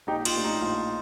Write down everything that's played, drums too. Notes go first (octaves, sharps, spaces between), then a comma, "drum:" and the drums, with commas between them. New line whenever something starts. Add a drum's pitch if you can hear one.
A#1 D#4 G4
F4, drum: cymbal
A2 A3 D4 G4
D#4
A#1 F4